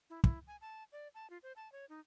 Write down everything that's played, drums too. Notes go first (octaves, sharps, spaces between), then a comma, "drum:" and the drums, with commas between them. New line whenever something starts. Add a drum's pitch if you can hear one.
E4
E4, drum: kick
G#5
A5
D5
A5
F4
C5
A5
C#5
D#4